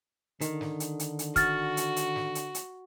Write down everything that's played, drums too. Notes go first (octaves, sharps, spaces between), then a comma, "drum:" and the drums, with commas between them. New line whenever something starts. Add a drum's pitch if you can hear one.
D3 D#3, drum: hi-hat
drum: snare
drum: hi-hat
drum: hi-hat
drum: hi-hat
F#4 F6 A6, drum: kick, hi-hat
drum: hi-hat
drum: hi-hat
drum: snare
drum: hi-hat
drum: hi-hat